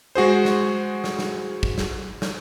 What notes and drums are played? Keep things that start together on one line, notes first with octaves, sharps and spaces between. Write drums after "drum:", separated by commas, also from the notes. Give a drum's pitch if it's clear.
G#3 F#4 G#4 C5
drum: snare
drum: snare
drum: snare
drum: kick
drum: snare
drum: snare